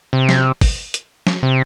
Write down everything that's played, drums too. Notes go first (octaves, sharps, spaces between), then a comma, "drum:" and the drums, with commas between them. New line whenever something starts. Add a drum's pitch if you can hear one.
C3
drum: snare
drum: kick, open hi-hat
drum: hi-hat
drum: snare
C3